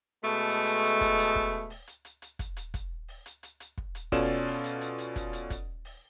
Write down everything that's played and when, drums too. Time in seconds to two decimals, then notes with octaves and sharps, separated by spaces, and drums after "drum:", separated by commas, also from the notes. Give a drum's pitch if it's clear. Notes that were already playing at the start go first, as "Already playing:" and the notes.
0.24 B2 G#3 A3
0.49 drum: hi-hat
0.66 drum: hi-hat
0.84 drum: hi-hat
1.01 drum: kick, hi-hat
1.18 drum: hi-hat
1.36 drum: kick
1.70 drum: open hi-hat
1.87 drum: hi-hat
2.05 drum: hi-hat
2.22 drum: hi-hat
2.39 drum: kick, hi-hat
2.57 drum: hi-hat
2.74 drum: kick, hi-hat
3.08 drum: open hi-hat
3.26 drum: hi-hat
3.43 drum: hi-hat
3.60 drum: hi-hat
3.77 drum: kick
3.95 drum: hi-hat
4.12 B2 C#4 F4 A4 D5 E7, drum: kick, hi-hat
4.47 drum: open hi-hat
4.64 drum: hi-hat
4.81 drum: hi-hat
4.98 drum: hi-hat
5.16 drum: kick, hi-hat
5.33 drum: hi-hat
5.50 drum: kick, hi-hat
5.85 drum: open hi-hat